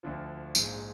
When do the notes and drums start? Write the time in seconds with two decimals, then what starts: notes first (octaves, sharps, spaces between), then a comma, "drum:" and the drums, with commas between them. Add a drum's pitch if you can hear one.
0.03 D2 D3 F3 D4
0.55 A#1 G#2 F3, drum: tambourine